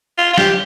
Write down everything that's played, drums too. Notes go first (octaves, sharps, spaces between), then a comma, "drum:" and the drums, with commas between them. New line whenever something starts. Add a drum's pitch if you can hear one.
F4
F4
G4, drum: snare